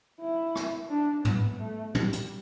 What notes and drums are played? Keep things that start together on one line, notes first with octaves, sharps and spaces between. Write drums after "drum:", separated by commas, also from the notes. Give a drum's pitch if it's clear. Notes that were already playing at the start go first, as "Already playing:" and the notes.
E4
drum: rim click
D4
B3, drum: tom
A3
G3, drum: tom
drum: hi-hat